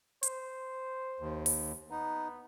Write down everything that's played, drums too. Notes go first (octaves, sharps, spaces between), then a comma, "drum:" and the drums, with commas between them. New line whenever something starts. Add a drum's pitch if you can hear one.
C5, drum: hi-hat
D#2
drum: open hi-hat
B3 D#4